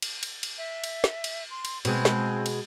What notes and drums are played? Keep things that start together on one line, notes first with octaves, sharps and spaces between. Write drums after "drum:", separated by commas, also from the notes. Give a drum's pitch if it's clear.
drum: cymbal
drum: cymbal
drum: cymbal
E5
drum: cymbal
drum: snare
drum: cymbal
C6
drum: cymbal
B2 G#3 C4, drum: cymbal
drum: snare
drum: cymbal